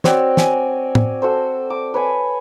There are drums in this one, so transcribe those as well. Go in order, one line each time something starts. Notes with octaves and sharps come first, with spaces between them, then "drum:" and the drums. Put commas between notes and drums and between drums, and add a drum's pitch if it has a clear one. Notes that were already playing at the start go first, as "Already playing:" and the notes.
C4 F#4 C#5 D5, drum: snare
G#5, drum: snare
drum: tom A2
F#4 A4 C5
D6
B4 C#5 G#5